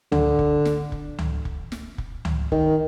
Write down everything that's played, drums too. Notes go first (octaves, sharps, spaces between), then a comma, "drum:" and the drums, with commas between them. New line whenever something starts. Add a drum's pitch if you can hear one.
D3, drum: tom C#2
drum: kick
drum: snare
drum: kick
drum: tom C#2
drum: kick
drum: snare
drum: kick
drum: tom C#2
D#3, drum: kick